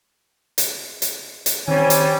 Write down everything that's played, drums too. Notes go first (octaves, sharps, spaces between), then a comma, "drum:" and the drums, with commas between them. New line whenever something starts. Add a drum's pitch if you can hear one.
drum: hi-hat
drum: hi-hat
drum: hi-hat
D#3 G3 C4 C#4 C#5 G#5
drum: hi-hat